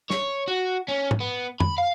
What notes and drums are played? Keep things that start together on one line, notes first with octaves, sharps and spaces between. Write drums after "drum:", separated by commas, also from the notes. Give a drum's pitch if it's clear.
C#5, drum: snare
F#4
C#4
drum: tom
B3
B5, drum: tom F2
F5